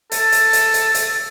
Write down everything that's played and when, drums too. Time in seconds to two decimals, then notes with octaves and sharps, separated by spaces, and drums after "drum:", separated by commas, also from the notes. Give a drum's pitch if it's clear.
0.12 A4, drum: hi-hat
0.32 drum: hi-hat
0.53 drum: hi-hat
0.74 drum: hi-hat
0.95 drum: hi-hat